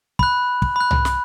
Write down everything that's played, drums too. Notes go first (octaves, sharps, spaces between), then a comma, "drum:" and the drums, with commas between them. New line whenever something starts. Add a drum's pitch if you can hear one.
B5 F#6, drum: kick
drum: kick
B5 F#6
drum: tom C2
drum: snare